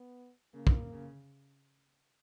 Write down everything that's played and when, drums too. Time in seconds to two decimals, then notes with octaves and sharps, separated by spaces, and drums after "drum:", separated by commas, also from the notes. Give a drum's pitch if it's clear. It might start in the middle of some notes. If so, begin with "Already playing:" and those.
Already playing: B3
0.54 C#3 A#3
0.67 drum: kick
0.92 C#3